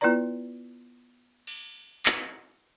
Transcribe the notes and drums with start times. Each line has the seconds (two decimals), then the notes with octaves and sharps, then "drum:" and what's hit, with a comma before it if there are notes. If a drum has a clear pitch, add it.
0.01 B3 E4 F4 B4 D5 A#5
1.47 drum: cymbal
2.06 drum: clap